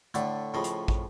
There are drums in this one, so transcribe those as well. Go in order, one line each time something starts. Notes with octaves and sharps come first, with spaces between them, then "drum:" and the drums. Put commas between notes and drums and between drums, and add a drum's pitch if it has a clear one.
A2 D3 A3, drum: hi-hat
A2 C#3 F3 D#5 D#6
drum: hi-hat
drum: kick